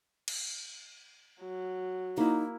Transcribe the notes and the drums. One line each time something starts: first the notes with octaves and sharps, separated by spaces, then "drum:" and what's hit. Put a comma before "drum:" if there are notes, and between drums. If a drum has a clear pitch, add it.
drum: cymbal
F#3
A#3 D#4 E4